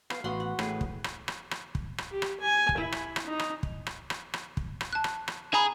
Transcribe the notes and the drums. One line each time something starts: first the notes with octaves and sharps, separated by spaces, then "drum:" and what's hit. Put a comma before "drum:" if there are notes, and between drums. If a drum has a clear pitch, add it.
B3 F5, drum: rim click
A1 B3 F#4 F#5 B5 C6
F#5
A1 A2 G#4 B4 G5, drum: rim click
drum: kick
drum: rim click
drum: rim click
drum: rim click
drum: kick
drum: rim click
G4
drum: rim click
G#5
drum: kick
E4
drum: rim click
drum: rim click
D#4
drum: rim click
drum: kick
drum: rim click
drum: rim click
drum: rim click
drum: kick
drum: rim click
A5 F#6
drum: rim click
drum: rim click
G#4 A#5 B5 D#6